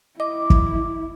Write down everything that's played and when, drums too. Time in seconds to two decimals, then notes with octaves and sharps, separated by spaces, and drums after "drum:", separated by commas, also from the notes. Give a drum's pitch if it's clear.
0.20 E4 D#5 D6
0.50 drum: kick